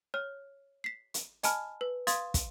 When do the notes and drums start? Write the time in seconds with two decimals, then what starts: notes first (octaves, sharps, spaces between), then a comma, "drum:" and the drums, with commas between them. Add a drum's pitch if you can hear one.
0.14 C#5 F6
0.84 B6 C7
1.14 drum: hi-hat
1.43 D#5 G#5 A5 B5 F6, drum: hi-hat
1.81 B4
2.07 F5 C6 D#6 G#6 A6, drum: hi-hat
2.34 drum: kick, hi-hat